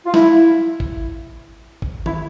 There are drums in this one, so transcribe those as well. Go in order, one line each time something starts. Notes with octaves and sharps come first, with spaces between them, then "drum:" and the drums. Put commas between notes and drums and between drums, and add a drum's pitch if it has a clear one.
F4
E4, drum: snare
drum: kick G#1
drum: kick G#1
E4, drum: tom D#3